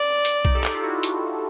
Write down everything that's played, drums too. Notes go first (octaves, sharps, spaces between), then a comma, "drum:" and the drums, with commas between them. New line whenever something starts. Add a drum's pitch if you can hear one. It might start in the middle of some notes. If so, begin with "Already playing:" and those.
Already playing: D5
drum: hi-hat
D#4, drum: kick B1
G4 A4
drum: clap
F4 G4
E4 F#4
drum: hi-hat